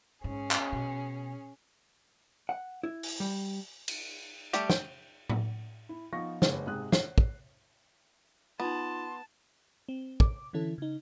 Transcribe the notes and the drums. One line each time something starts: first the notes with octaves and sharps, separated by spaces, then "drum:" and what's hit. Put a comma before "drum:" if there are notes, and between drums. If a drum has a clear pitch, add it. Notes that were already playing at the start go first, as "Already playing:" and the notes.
G#2 C#4 G#4
drum: clap
B2
F#5
E4
drum: open hi-hat
G3
drum: cymbal
G3 A3 G4, drum: hi-hat
G5, drum: snare
drum: tom A2
E4
F3 B3 D#4 F5 C#6 A#6
F#1 G2 G#3 B4 C#5, drum: snare
G#2 C3 G#3 C4 D#6 F#6
C7, drum: snare
drum: kick
B3 D#4 F4 A5 C6
C4
D6, drum: kick
D3 E3 C#4 E4 A4
C#3 D#4